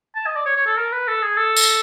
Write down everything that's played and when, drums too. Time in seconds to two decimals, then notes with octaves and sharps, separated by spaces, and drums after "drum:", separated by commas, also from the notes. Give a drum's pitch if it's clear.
0.16 A5
0.26 D#5
0.36 D5
0.46 C#5
0.57 C#5
0.67 A4
0.77 A#4
0.92 B4
1.08 A4
1.22 G#4
1.37 A4
1.57 drum: tambourine